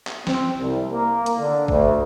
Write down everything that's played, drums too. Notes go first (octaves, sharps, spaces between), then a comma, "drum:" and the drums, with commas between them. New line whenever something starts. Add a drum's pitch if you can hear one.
drum: clap
C4, drum: snare
C2
A#3
drum: hi-hat
D3
D2, drum: kick